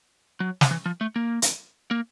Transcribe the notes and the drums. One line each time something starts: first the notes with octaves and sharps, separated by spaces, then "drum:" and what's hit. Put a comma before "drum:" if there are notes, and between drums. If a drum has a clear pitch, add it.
F#3
drum: snare
E3
F3
A3
A#3
drum: hi-hat
A#3